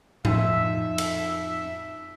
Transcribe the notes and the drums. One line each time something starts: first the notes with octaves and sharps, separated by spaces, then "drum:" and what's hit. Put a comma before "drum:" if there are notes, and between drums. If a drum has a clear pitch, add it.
F2 D#4 E5, drum: tom A2
drum: cymbal